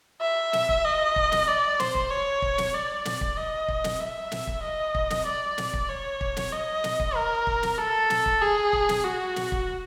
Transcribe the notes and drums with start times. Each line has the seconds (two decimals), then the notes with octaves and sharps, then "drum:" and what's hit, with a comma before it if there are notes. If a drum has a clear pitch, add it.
0.21 E5
0.53 drum: snare
0.69 drum: kick
0.85 D#5
1.16 drum: kick
1.32 drum: snare
1.48 D5
1.80 C5, drum: snare
1.95 drum: kick
2.11 C#5
2.42 drum: kick
2.58 drum: snare
2.74 D5
3.05 drum: snare
3.21 drum: kick
3.37 D#5
3.68 drum: kick
3.84 drum: snare
4.00 E5
4.32 drum: snare
4.47 drum: kick
4.63 D#5
4.95 drum: kick
5.10 drum: snare
5.26 D5
5.58 drum: snare
5.73 drum: kick
5.89 C#5
6.21 drum: kick
6.37 drum: snare
6.52 D#5
6.84 drum: snare
7.00 drum: kick
7.16 A#4
7.47 drum: kick
7.63 drum: snare
7.78 A4
8.10 drum: snare
8.26 drum: kick
8.42 G#4
8.73 drum: kick
8.89 drum: snare
9.04 F#4
9.36 drum: snare
9.52 drum: kick